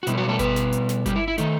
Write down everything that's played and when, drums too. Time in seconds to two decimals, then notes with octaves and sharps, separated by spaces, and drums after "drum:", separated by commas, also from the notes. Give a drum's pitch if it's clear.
0.03 F#4
0.07 B2 G3 B3 E4, drum: hi-hat
0.17 F#3 F#4
0.29 A3 A4
0.39 B3 B4, drum: kick G1, hi-hat
0.56 drum: snare
0.72 drum: hi-hat
0.89 drum: snare
1.06 G3 G4, drum: kick G1, hi-hat
1.16 E4
1.28 E4
1.38 D#3 A3 D#4, drum: hi-hat